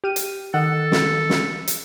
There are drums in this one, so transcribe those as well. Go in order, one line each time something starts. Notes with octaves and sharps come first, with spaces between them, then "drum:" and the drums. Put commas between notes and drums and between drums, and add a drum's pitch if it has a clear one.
G4 F6 D#7
drum: hi-hat
D#3 A4 D#5 F#5
drum: snare
drum: snare
drum: hi-hat